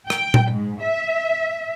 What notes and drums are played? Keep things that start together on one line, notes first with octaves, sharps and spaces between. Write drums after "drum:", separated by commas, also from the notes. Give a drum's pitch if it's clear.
G5, drum: rim click
drum: tom A#2
G#2
E5